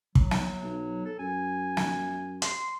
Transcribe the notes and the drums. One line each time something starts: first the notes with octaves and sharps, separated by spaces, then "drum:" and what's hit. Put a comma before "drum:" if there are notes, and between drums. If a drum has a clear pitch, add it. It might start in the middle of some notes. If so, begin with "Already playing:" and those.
F#3, drum: kick
drum: snare
B1
A4
F#2 G#5
drum: snare
C6, drum: hi-hat